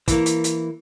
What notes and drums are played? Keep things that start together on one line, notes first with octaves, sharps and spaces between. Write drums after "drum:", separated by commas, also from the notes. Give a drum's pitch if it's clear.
E3 A#3, drum: kick, hi-hat
drum: hi-hat
drum: hi-hat